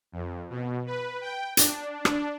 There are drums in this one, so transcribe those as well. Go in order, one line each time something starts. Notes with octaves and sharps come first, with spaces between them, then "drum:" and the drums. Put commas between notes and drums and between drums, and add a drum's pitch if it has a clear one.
F2
B2
B4
G5
D4, drum: hi-hat
D4, drum: rim click